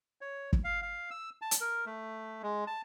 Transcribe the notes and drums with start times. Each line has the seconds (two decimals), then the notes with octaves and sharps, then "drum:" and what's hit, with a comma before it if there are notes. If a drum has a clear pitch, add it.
0.21 C#5
0.53 drum: kick
0.64 F5
0.82 F5
1.11 E6
1.42 A5
1.51 drum: hi-hat
1.61 A#4
1.86 A3
2.43 G#3
2.67 A5